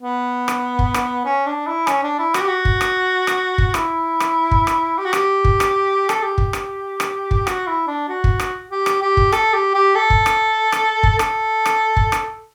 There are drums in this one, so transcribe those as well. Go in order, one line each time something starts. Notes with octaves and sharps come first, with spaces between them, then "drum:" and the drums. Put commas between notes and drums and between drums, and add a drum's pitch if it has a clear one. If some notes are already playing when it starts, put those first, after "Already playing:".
B3
drum: rim click
drum: kick
drum: rim click
C#4
D4
E4
C#4, drum: rim click
D4
E4
F#4, drum: rim click
G4
F#4
drum: kick
drum: rim click
drum: rim click
drum: kick
E4, drum: rim click
drum: rim click
drum: kick
drum: rim click
G4
F#4
G4, drum: rim click
drum: kick
drum: rim click
A4, drum: rim click
G4
drum: kick
drum: rim click
drum: rim click
drum: kick
F#4, drum: rim click
E4
D4
F#4
drum: kick
drum: rim click
G4
drum: rim click
G4
drum: kick
A4, drum: rim click
G4
G4
A4
drum: kick
drum: rim click
drum: rim click
drum: kick
A4, drum: rim click
drum: rim click
drum: kick
drum: rim click